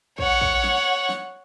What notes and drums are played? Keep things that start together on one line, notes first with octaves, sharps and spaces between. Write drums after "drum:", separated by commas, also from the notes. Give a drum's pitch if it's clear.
C#5 F#5, drum: kick
drum: kick
drum: snare
drum: snare